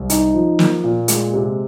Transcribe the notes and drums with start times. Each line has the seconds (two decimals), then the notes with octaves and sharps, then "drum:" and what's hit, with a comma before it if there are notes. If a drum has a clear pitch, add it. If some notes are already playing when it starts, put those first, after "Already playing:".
Already playing: C2
0.10 D#4, drum: hi-hat
0.34 F3
0.59 A#3, drum: snare
0.84 A#2
1.08 G#3, drum: hi-hat
1.33 C3